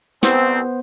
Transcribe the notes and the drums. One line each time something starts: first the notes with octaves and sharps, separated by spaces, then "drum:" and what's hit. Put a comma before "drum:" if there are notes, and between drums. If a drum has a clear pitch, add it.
C2 B3 C4 C5, drum: snare